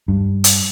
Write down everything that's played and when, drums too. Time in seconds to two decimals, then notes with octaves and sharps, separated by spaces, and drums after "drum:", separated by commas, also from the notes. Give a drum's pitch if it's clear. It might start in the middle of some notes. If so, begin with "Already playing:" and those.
0.08 G2
0.44 drum: hi-hat